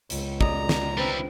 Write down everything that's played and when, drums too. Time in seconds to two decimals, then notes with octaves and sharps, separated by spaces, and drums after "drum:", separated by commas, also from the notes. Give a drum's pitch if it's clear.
0.10 C#2, drum: hi-hat
0.41 F#2 D5 D#5 A#5, drum: kick
0.69 drum: snare
0.98 G3 C4 E4 B4